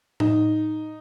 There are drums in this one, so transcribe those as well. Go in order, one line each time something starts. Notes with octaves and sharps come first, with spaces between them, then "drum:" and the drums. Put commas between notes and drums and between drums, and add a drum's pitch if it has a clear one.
D#4, drum: tom A2